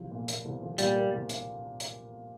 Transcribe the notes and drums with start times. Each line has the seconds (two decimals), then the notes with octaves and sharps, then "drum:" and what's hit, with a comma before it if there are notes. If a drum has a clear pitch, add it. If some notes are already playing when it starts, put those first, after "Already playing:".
Already playing: C2 F3
0.11 A#2
0.28 A#3, drum: hi-hat
0.45 C2
0.62 F3
0.78 A#2 G3, drum: hi-hat
0.95 A#3
1.12 C2
1.29 drum: hi-hat
1.80 drum: hi-hat